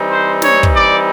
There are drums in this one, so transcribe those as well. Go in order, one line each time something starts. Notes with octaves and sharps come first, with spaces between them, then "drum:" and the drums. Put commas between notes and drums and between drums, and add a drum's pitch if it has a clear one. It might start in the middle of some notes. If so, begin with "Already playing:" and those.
Already playing: E3 G3 C4 D#4
C5
C#5, drum: snare
drum: kick
D5